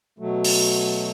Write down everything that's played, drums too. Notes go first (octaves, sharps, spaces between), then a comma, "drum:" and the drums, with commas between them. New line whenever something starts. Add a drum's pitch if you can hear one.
B2 F#3 A3
drum: open hi-hat